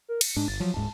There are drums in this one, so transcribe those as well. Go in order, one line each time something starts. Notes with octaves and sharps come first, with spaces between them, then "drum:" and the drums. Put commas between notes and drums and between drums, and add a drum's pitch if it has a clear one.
A#4
C#7, drum: cymbal
G#2 D4
G1 A6
F3 F#3
D1 G#2 G#3 A5